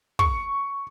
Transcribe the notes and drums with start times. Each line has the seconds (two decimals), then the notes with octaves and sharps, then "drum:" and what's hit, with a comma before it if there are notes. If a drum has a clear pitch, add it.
0.19 C#6, drum: kick